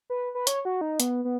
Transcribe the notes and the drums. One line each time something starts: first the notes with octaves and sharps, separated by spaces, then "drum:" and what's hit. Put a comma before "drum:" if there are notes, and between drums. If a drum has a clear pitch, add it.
B4
B4
C#5, drum: hi-hat
F#4
D#4
B3, drum: hi-hat
B3